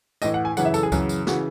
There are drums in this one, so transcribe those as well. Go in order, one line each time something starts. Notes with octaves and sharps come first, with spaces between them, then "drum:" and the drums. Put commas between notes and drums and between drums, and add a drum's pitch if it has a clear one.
A2 E3 D#5, drum: tambourine
F#5
G#5
F#2 C#3 E3 F#5, drum: tambourine
E5
A4, drum: tambourine
G#4
F#2 C#3 E3, drum: kick C#2, tambourine
drum: tambourine
C#3 E3 F#4, drum: snare